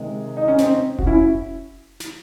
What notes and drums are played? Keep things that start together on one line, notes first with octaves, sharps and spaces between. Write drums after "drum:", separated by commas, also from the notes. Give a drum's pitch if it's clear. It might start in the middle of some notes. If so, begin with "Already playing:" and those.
Already playing: C3 D#3 G#3
D#4
C#4
C4 D#4, drum: snare
F#4, drum: kick F1
C#4 E4
drum: snare